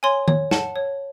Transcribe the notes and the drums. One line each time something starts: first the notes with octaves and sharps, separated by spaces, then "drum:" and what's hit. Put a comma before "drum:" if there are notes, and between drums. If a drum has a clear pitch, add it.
C#5 G#5 C6
C#5, drum: tom D#3
F#5 A5, drum: snare
C#5